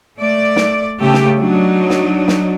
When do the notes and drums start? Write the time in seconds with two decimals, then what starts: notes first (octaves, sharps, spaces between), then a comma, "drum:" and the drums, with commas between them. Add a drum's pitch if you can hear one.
0.18 A3 D5
0.56 drum: snare
1.01 C#3 A3 G4 A4
1.13 drum: snare
1.38 F#3 D4 D#4
1.90 drum: snare
2.28 drum: snare